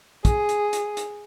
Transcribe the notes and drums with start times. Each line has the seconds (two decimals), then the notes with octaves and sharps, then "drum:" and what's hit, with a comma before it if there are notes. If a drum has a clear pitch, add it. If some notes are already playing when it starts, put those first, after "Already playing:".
0.25 G#4, drum: kick, hi-hat
0.49 drum: hi-hat
0.73 drum: hi-hat
0.97 drum: hi-hat